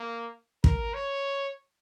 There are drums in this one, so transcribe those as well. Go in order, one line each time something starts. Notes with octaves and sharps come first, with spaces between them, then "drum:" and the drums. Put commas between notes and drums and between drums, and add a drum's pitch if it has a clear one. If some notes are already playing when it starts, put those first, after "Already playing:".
Already playing: A#3
A#4, drum: kick
C#5